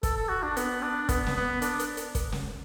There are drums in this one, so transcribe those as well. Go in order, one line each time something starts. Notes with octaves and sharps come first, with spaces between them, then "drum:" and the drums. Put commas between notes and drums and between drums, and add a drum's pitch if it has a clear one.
A4, drum: kick, hi-hat
A4
F#4
D4
B3, drum: hi-hat
D4
B3, drum: kick, hi-hat
drum: snare
B3
D4, drum: hi-hat
drum: hi-hat
drum: hi-hat
drum: kick, hi-hat
drum: snare